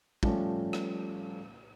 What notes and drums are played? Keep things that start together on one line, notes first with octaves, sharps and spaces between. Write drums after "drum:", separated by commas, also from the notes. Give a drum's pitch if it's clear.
F3 G3 A3 C#4, drum: kick
drum: rim click